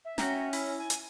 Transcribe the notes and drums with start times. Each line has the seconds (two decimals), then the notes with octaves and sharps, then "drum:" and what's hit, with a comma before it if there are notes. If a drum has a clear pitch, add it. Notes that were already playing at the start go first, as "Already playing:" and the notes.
0.05 E5
0.18 C#4 F#4 G5 A#5, drum: snare
0.53 E4, drum: open hi-hat
0.79 G#5
0.90 drum: hi-hat